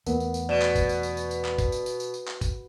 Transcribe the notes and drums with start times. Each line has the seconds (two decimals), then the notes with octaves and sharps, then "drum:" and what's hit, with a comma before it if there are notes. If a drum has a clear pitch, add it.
0.06 E2 A3 B3 A#4, drum: tambourine
0.20 drum: tambourine
0.34 drum: tambourine
0.49 B2 D5 E7
0.62 drum: clap
0.76 drum: kick, tambourine
0.89 drum: tambourine
1.03 drum: tambourine
1.17 drum: tambourine
1.31 drum: tambourine
1.45 drum: clap
1.58 drum: kick, tambourine
1.72 drum: tambourine
1.86 drum: tambourine
2.00 drum: tambourine
2.14 drum: tambourine
2.28 drum: clap
2.41 drum: kick, tambourine